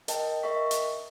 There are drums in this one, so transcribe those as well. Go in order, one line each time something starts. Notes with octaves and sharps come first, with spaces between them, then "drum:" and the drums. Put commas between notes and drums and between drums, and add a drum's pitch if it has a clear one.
A#4 D#5 G5 A5, drum: hi-hat
A#4 D#5 E5 C#6 B6
drum: hi-hat